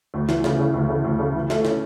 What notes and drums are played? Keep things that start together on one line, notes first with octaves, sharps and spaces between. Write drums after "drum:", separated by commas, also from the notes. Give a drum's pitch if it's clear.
D2
E3, drum: snare
C#3, drum: snare
C#3
D2
C#3
D2
C#3
E3
A3, drum: snare
C#4, drum: snare